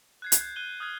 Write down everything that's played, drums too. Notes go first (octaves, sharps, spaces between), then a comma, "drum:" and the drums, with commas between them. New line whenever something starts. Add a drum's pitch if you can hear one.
F#6 G#6 C7
drum: hi-hat
G6
F#6 D#7 G7
D#6 F6 F#6 G#6